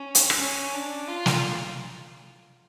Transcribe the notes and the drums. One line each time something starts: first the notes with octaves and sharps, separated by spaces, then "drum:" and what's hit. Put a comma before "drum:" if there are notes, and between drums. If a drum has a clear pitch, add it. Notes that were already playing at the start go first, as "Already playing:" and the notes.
Already playing: C#4
drum: hi-hat
drum: rim click
C#4
D4
F4
drum: snare